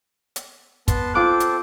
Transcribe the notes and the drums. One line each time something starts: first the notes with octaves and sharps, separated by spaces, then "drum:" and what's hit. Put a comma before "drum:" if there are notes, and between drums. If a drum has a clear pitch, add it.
drum: hi-hat
B3 A5 C6, drum: kick, hi-hat
C4 F4 A4 D6 F#6
drum: hi-hat